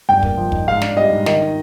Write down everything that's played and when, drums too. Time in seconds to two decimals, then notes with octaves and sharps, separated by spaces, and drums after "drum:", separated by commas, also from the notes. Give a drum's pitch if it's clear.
0.09 G2 G5
0.23 A#3, drum: kick
0.37 F3
0.52 D#4, drum: kick
0.67 G#2 F5
0.82 D4, drum: snare
0.96 G3 D#5
1.12 G#2
1.26 D#3 D#5, drum: snare
1.42 D#4